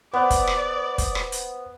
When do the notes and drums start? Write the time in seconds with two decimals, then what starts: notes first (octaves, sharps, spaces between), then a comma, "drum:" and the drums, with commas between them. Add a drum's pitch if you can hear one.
0.14 B3 B4 C5 D5
0.30 drum: kick, hi-hat
0.47 drum: rim click
0.98 drum: kick, hi-hat
1.15 drum: rim click
1.32 drum: hi-hat